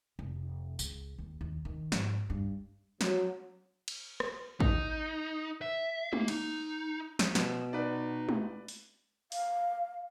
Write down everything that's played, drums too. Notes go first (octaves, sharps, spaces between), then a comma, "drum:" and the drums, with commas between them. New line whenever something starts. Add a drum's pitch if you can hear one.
F1
C#2, drum: tambourine
D#2
D#2
D#3
G#2, drum: snare
G2
F#3, drum: snare
drum: cymbal
drum: rim click
D#4, drum: kick A1
E5
A#3, drum: tom G#3
D#4, drum: cymbal
drum: snare
B2, drum: snare
D#4 B4 D5
drum: tom G#3
drum: open hi-hat
F5, drum: open hi-hat